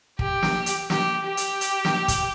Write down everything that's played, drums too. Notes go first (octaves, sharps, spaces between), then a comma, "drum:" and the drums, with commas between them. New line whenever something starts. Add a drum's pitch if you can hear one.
G4, drum: kick
drum: snare
drum: hi-hat
G4, drum: snare
G4
drum: hi-hat
drum: hi-hat
drum: snare
drum: kick, hi-hat